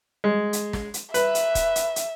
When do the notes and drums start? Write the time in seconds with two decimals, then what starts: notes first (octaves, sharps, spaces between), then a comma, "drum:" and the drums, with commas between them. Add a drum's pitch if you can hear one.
0.24 G#3
0.53 drum: hi-hat
0.73 drum: snare
0.94 drum: hi-hat
1.14 B4 E5, drum: hi-hat
1.35 drum: hi-hat
1.55 drum: kick, hi-hat
1.76 drum: hi-hat
1.96 drum: hi-hat